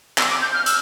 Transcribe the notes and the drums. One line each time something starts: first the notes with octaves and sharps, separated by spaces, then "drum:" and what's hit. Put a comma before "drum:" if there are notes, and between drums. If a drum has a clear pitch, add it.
E6, drum: clap
D6
G6
F6
E6, drum: hi-hat